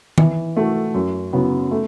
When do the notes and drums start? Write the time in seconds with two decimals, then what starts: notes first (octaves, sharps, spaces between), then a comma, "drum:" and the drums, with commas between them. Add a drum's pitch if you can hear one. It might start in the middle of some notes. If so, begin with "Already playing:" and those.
0.18 E3, drum: tom D#3
0.57 A3 F#4 A4
0.94 F#2
1.33 C#3 F#3 B3
1.71 A3